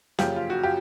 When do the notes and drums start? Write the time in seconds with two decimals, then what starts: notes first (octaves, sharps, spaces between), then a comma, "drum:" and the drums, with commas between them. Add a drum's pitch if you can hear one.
0.19 F#2 C#3 F3 A#3 F4 G4, drum: snare
0.36 F4
0.50 F#4
0.63 F4 G4